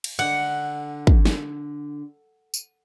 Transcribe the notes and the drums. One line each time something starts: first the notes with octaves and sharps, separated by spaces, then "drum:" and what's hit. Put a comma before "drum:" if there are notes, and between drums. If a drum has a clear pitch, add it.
drum: cymbal
D3 F#5
drum: kick
drum: snare
drum: tambourine